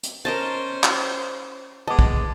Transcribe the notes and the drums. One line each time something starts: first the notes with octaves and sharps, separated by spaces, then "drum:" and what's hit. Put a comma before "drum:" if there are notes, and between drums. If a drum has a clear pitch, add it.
drum: hi-hat
C#4 A#4 C5 D#5 A5
drum: clap
G#3 B3 D#5 A5 D6
drum: kick